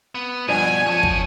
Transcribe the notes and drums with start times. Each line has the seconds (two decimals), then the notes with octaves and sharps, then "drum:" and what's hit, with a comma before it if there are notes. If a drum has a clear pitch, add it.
0.15 B3
0.48 G2 B2 F3 D4 G#5 D#7
0.86 F3 C#5 A5
1.03 drum: kick